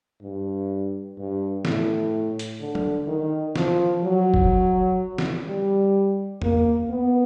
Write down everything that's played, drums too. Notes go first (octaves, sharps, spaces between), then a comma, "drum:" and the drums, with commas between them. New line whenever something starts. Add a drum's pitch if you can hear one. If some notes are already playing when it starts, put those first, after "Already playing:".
G2
G2
A2, drum: snare
drum: hi-hat
D3
drum: tom F#3
D#3
F3, drum: snare
F#3
drum: kick
drum: snare
G3
A#3, drum: tom E2
B3